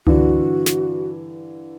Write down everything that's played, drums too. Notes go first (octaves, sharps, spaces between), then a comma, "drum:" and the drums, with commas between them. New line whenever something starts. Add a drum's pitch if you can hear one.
G2 D3 E3 F#4, drum: tom C#2
drum: snare